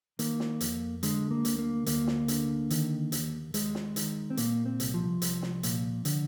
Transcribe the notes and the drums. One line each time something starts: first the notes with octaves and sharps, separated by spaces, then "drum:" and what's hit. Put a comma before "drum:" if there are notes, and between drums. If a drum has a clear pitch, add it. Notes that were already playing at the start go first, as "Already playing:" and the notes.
D#3 A#3, drum: hi-hat
drum: snare
F2, drum: hi-hat
D3 G#3, drum: hi-hat
A#3
D2, drum: hi-hat
A#3
D2 A#3, drum: hi-hat
drum: snare
D3, drum: hi-hat
D#3, drum: hi-hat
D#2, drum: hi-hat
D#2 G#3, drum: hi-hat
drum: snare
D#3, drum: hi-hat
C4
A#2 A#3, drum: hi-hat
C4
C2, drum: hi-hat
F3
C2, drum: hi-hat
drum: snare
A#2, drum: hi-hat
D3, drum: hi-hat